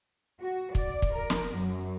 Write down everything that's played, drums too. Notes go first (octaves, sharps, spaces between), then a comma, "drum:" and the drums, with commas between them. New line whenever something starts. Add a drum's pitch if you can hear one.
F#4
D5, drum: kick
drum: kick
A#4
drum: snare
F#2